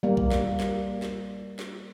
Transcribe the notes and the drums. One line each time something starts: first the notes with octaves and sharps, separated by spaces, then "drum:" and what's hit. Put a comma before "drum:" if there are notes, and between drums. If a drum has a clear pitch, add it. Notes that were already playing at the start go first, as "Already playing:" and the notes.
G3 A#3
drum: kick B1
drum: snare
drum: snare
drum: snare
drum: snare